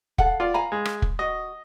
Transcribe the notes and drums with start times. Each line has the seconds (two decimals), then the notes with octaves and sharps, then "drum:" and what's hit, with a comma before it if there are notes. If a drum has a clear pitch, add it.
0.18 A4 F5 F#5, drum: kick
0.40 F4 D5
0.54 F5 G#5 A#5 B5
0.72 G#3
0.85 drum: rim click
1.02 drum: kick
1.19 F#4 D#5